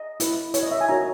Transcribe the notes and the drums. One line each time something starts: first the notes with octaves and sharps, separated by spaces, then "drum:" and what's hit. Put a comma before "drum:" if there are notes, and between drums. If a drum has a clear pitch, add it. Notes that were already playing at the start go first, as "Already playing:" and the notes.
Already playing: D#5
E4 B4, drum: hi-hat
E4 B4 C#5, drum: hi-hat
D#5
E5
G#5
D#4 F#4 A#4 C#5 A#5